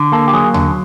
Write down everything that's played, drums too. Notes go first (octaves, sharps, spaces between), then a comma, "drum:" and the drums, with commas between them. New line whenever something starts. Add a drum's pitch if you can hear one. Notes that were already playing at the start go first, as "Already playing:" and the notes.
Already playing: D3
A#3 A4
G4
F#3 G#4
D3, drum: tom D#2